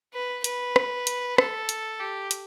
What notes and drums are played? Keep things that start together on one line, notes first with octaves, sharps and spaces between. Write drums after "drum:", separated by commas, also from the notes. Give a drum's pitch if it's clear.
B4
B4, drum: hi-hat
drum: rim click
drum: hi-hat
A4, drum: rim click
drum: hi-hat
G4
drum: hi-hat